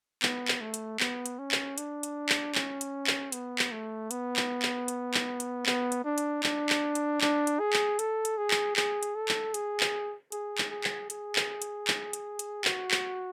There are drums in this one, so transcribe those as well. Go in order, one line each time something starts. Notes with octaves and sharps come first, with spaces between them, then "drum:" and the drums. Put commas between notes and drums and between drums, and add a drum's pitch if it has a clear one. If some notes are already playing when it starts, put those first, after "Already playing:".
B3, drum: clap
drum: clap
A3
drum: hi-hat
B3, drum: clap
drum: hi-hat
C#4
drum: clap
D4, drum: hi-hat
drum: hi-hat
drum: clap
C#4, drum: clap
drum: hi-hat
drum: clap
B3, drum: hi-hat
drum: clap
A3
B3, drum: hi-hat
drum: clap
drum: clap
drum: hi-hat
drum: clap
drum: hi-hat
B3, drum: clap
drum: hi-hat
D4
drum: hi-hat
D4, drum: clap
drum: clap
drum: hi-hat
D4, drum: clap
drum: hi-hat
G#4
drum: clap
A4, drum: hi-hat
drum: hi-hat
G#4
drum: clap
G#4, drum: clap
drum: hi-hat
A4
drum: clap
G#4, drum: hi-hat
drum: clap
G#4, drum: hi-hat
drum: clap
G#4
drum: clap
G#4, drum: hi-hat
drum: clap
drum: hi-hat
drum: clap
drum: hi-hat
drum: hi-hat
F#4, drum: clap
drum: clap